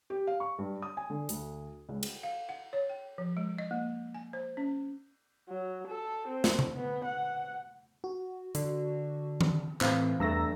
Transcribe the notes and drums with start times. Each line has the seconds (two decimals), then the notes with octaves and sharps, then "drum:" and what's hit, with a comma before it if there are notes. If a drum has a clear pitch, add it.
0.10 G4
0.27 F5
0.40 C#6
0.58 G2
0.82 D#6
0.97 G#5
1.10 D3
1.29 D2, drum: hi-hat
1.89 C#2
2.03 drum: cymbal
2.23 F5
2.49 F#5
2.73 C#5
2.89 G5
3.18 F3
3.37 G#3
3.58 D#5
3.71 A#3
4.14 G#5
4.33 C5
4.57 C#4
5.49 F#3
5.88 A4
6.28 C4
6.44 drum: snare
6.59 drum: tom C3
6.75 B3
7.05 F#5
8.04 F#4
8.55 D3, drum: hi-hat
9.41 drum: tom D#3
9.81 A2 E3 C4 F5, drum: clap
10.20 E2 G2 A3 A#5 E6 A#6